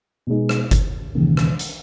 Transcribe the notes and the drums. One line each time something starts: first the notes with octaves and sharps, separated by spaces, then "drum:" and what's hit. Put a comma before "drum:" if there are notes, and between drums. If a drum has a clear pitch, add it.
B2 G#3 B3 D#4 G#4
drum: rim click
drum: kick G1, hi-hat
E1 D#2 C#3
drum: rim click
drum: hi-hat